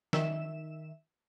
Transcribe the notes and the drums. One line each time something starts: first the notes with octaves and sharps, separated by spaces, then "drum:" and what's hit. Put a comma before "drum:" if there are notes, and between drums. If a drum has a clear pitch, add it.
D#3 E5 E7, drum: snare